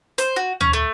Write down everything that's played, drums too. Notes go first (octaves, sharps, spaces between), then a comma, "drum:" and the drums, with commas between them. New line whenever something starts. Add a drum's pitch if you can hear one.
C5, drum: hi-hat
F#4
C#4, drum: tom
A3